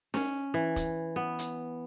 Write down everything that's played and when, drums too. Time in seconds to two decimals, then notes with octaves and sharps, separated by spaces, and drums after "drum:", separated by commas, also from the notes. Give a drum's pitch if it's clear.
0.14 C#4, drum: snare
0.54 E3
0.76 drum: kick, hi-hat
1.16 B3
1.39 drum: hi-hat